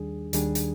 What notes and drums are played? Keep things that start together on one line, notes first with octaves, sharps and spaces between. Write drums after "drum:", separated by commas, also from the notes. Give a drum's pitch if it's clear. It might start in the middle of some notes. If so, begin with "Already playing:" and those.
Already playing: D#2 D#3 G3 D4 G#4
D#2 D#3 G3 D4 G#4, drum: hi-hat
drum: hi-hat